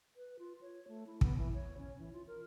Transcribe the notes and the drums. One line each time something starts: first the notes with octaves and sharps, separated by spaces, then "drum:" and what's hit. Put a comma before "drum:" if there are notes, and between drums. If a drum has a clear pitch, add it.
B4
F4
C#5
A3
E4
B3, drum: kick
E3
C#5
C#4
E3
F4
A#4